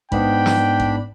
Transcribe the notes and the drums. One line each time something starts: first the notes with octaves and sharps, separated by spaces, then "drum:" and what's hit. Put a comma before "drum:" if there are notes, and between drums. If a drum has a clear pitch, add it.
G#2 B3 D4 G5 B5, drum: kick G#1
drum: snare
drum: kick G#1